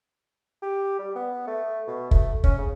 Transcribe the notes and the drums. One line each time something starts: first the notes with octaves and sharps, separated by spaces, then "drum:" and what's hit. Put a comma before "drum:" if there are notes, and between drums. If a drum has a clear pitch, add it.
G4
G3
B3
A3
B2
A3, drum: kick
C#4, drum: kick
C#3